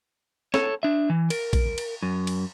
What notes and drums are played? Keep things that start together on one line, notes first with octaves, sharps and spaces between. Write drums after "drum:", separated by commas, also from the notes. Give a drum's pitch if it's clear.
A4 C#5, drum: snare
D4 E5
E3
A#4, drum: cymbal
drum: kick, cymbal
drum: cymbal
F#2
drum: cymbal